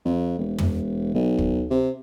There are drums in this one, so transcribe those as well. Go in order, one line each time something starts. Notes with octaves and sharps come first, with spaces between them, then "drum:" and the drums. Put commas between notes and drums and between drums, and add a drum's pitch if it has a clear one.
F2
E1
drum: tom
B1
drum: kick
C3